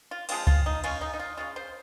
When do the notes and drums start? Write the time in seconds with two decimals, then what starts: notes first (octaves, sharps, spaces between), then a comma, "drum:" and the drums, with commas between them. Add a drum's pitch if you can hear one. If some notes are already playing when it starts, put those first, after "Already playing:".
0.11 F4
0.29 F3 G#3 C4 F4, drum: cymbal
0.47 F4, drum: kick C#2
0.66 D#4
0.84 C#3 G#3 C#4 F4, drum: cymbal
1.01 D#4
1.14 D#4
1.19 F4
1.37 C#3 G#3 C#4 F4
1.56 C5